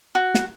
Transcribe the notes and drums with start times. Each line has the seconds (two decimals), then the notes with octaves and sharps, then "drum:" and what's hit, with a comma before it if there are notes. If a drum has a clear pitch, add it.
0.15 F#4
0.34 drum: snare